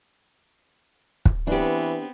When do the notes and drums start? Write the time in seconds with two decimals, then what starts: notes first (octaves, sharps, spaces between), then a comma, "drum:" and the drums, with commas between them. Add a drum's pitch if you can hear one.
1.25 drum: kick
1.47 E3 B3 C4 D4 G4